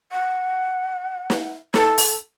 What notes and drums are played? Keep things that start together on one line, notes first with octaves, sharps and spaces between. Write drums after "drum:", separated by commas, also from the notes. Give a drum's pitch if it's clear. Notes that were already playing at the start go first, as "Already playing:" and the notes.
F#5
drum: snare
A4, drum: snare
drum: open hi-hat